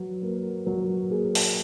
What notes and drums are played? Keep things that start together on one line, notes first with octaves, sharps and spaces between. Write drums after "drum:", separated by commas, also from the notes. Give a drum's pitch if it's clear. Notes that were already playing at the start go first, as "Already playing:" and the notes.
Already playing: F#3 B4
A#3
F#3 A#4
A#3 G#4
drum: open hi-hat